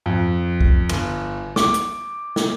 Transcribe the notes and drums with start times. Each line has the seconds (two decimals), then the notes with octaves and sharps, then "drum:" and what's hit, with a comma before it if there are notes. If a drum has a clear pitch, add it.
0.06 F2
0.61 drum: kick
0.89 G1, drum: cymbal
1.56 D6, drum: snare
1.74 drum: hi-hat
2.36 drum: snare